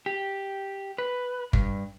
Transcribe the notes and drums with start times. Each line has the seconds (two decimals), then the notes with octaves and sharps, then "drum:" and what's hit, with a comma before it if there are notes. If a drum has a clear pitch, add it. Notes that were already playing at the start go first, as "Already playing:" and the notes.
0.06 G4
0.98 B4
1.53 G2, drum: kick G1